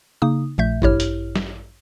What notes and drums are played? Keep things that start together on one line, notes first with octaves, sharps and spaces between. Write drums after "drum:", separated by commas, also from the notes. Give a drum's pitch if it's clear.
C#3 A#3 D#4 D#6
A#1 A#2 A3 E5 G6
A1 G2 E4 G4 C#5 F6, drum: kick
drum: hi-hat
drum: snare